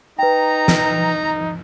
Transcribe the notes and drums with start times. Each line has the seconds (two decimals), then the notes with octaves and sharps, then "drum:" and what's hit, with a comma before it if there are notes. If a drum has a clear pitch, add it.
0.19 D#4 B4 G5 A#5
0.68 drum: snare